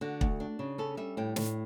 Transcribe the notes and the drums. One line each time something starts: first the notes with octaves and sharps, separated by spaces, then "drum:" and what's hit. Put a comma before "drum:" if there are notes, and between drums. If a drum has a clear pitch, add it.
D3 F#4
D2, drum: kick
D4
C#3
C#4 A4
G3 E5
A2 G5
A2, drum: snare